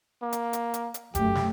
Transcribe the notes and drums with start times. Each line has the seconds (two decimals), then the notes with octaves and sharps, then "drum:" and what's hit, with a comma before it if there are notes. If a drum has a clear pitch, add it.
0.22 A#3
0.32 drum: hi-hat
0.53 drum: hi-hat
0.74 drum: hi-hat
0.94 drum: hi-hat
1.15 F#2 A3 G4, drum: kick F1, hi-hat
1.35 drum: snare